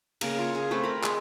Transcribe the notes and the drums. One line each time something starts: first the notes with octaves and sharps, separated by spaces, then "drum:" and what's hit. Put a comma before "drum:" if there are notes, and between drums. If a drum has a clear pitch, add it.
C#3 A#3 A#4, drum: cymbal
F4
G#4
A3 C4 B4 G5
A#4 B5
G#3 D#5, drum: clap